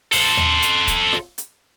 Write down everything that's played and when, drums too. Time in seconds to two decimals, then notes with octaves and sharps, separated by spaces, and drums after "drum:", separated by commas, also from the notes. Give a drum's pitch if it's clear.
0.12 A4 C5, drum: open hi-hat
0.37 drum: tom D#2
0.62 drum: hi-hat
0.88 drum: kick, hi-hat
1.13 drum: snare
1.38 drum: hi-hat